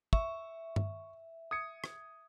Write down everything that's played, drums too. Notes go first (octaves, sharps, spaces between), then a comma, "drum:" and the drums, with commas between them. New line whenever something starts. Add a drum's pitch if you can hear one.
E5 C#6, drum: kick
drum: tom G2
D#6 G#6 C#7
drum: rim click